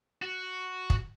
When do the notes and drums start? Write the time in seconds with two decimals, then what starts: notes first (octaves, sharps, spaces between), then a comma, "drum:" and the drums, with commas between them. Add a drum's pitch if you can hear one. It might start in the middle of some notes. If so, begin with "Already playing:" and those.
0.22 F#4
0.90 drum: kick